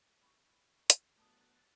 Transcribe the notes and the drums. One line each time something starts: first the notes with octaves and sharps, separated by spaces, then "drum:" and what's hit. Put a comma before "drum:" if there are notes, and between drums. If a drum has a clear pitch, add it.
B5 C#6
drum: hi-hat
D3 F#3 A3 B3 A5 D#6 F#6 A6